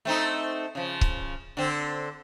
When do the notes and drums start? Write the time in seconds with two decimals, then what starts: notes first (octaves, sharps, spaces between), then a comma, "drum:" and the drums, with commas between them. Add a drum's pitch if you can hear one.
0.05 A3 C4 D#4
0.75 C#3 F3
1.01 drum: kick C#1
1.57 D3 C4